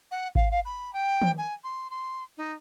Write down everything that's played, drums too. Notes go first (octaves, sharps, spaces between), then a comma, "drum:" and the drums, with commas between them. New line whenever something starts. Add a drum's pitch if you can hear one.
F#5
F5, drum: kick G#1
F5
B5
G5
drum: tom D#3
G#5
C6
C6
D#4